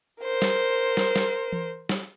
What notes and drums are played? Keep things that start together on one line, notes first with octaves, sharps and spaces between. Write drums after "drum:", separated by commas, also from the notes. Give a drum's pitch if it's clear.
A#4 C5
drum: snare
drum: snare
drum: snare
drum: tom E3
drum: snare